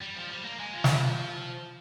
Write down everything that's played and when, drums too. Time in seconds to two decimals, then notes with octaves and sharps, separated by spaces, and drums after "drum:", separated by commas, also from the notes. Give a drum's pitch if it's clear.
0.02 G3
0.16 F3
0.30 G3
0.45 A#3
0.59 G#3
0.73 F3
0.84 drum: snare